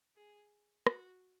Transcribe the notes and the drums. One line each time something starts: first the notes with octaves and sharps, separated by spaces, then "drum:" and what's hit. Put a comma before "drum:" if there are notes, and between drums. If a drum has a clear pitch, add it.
G#4
F#4, drum: rim click